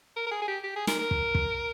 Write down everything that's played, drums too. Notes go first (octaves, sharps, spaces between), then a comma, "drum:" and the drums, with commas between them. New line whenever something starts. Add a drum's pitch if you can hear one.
A#4
A#4
G#4
G#4
G4
G4
G#4
A#4, drum: snare
A#4
drum: kick
drum: kick